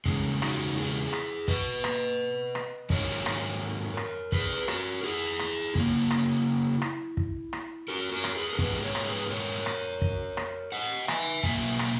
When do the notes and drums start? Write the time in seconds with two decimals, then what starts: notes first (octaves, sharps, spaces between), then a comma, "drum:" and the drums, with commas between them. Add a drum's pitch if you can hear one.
0.05 E2 C#3 G#3, drum: kick
0.42 D#4 F#4, drum: rim click
0.77 E4 G#4
1.13 drum: rim click
1.48 B4 D#5, drum: kick
1.84 drum: rim click
2.55 drum: rim click
2.90 G#2 D#3 F#3 A#4 C#5, drum: kick
3.26 drum: rim click
3.97 drum: rim click
4.32 G#4 B4, drum: kick
4.68 F#4 A#4, drum: rim click
5.03 E4 G#4
5.39 drum: rim click
5.75 C#3 F#3 A#3, drum: kick
6.10 drum: rim click
6.82 drum: rim click
7.17 drum: kick
7.53 drum: rim click
7.88 F#4 A#4
8.12 F#4 A#4
8.24 drum: rim click
8.36 G#4 B4
8.53 A#4
8.59 G#2 E3 B3 G#4 B4, drum: kick
8.83 A#4 C#5
8.95 drum: rim click
9.07 G#4 B4
9.30 A#4 C#5
9.66 drum: rim click
10.02 drum: kick
10.37 drum: rim click
10.72 D#5 F#5
11.08 E5 G#5, drum: rim click
11.43 B2 F#3 A#3 E5 G#5, drum: kick
11.79 drum: rim click